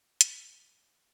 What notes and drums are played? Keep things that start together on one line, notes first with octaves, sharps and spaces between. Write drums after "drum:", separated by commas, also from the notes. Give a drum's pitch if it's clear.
F6 A6 A#6 C7, drum: hi-hat